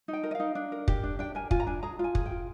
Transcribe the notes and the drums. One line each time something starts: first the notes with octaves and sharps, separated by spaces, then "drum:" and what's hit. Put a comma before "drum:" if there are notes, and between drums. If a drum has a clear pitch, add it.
D#4
G5
A#4
D#5
D#4 F5
D4
A#4
G4, drum: kick
D4
D4 G5
A#4 G#5
F4 G#5, drum: kick
A#5
D4 G#5
G#4 A#5
F4 G#5
G#4, drum: kick
G5
F4